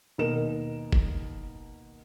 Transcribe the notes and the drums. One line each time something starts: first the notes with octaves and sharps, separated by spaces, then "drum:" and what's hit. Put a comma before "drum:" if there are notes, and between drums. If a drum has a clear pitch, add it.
D#2 B2 A#4 E7
drum: kick F1